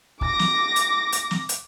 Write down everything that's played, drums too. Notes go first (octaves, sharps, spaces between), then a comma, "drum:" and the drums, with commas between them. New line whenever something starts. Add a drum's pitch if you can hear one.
D6 A#6, drum: kick
drum: snare
drum: hi-hat
drum: hi-hat
drum: snare
drum: hi-hat